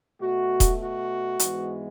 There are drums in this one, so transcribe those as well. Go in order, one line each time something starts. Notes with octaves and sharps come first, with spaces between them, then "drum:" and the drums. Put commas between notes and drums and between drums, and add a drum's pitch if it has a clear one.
B2 A3 F#4
drum: kick D#1, hi-hat
F#4
G#2 E3 G#3 B3, drum: hi-hat